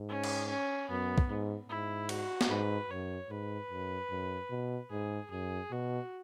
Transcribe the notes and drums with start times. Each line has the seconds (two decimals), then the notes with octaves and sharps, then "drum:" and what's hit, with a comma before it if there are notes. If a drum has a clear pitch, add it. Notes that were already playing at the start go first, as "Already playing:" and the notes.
Already playing: G#2
0.09 C#4
0.24 drum: cymbal
0.49 C#4
0.89 F#2 B3
1.18 drum: kick
1.29 G#2
1.69 G#2 E4
2.09 F#4, drum: cymbal
2.41 drum: snare
2.50 G#2 B4
2.90 F#2 C#5
3.30 G#2 B4
3.71 F#2
4.10 F#2
4.50 B2
4.90 G#2 G#4
5.31 F#2 G#4
5.71 B2 F#4